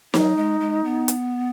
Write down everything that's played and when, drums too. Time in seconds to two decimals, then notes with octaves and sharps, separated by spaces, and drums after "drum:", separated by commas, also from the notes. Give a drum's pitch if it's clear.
0.14 F#3 D#4, drum: snare
0.37 G#3
0.60 G#3
0.84 B3
1.08 drum: hi-hat